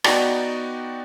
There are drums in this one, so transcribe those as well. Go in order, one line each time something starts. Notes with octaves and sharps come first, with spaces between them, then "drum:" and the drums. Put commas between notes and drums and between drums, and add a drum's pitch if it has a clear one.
B3 D#4 F#4 D5 G5, drum: rim click